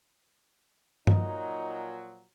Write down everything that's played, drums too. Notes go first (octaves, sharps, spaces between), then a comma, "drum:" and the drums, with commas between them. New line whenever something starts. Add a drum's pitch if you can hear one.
A#2 F3 F#3 D#4, drum: tom G2